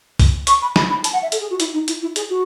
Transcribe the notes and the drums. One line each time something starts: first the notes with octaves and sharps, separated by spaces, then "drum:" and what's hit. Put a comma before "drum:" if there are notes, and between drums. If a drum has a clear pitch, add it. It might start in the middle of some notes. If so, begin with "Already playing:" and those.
drum: kick, open hi-hat
C#6, drum: hi-hat
B5
B5, drum: snare
B5
A5, drum: hi-hat
F#5
E5
A4, drum: hi-hat
G#4
F#4
E4, drum: hi-hat
D#4
E4, drum: hi-hat
E4
G#4, drum: hi-hat
F#4